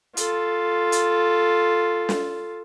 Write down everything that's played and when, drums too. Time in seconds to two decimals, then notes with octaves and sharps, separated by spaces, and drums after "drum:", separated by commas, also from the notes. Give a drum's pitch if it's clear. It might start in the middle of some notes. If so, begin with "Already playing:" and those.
0.17 F4 A4, drum: hi-hat
0.92 drum: hi-hat
2.09 drum: snare